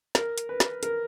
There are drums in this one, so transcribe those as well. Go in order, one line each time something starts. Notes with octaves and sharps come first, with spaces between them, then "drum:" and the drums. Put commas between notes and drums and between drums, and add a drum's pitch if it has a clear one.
A#4, drum: snare
drum: hi-hat
B4
drum: snare
A#4, drum: hi-hat